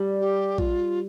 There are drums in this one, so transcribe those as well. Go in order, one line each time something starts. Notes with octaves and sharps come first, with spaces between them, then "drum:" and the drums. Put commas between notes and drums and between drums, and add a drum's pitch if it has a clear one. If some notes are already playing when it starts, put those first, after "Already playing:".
Already playing: G3
G4
F4, drum: kick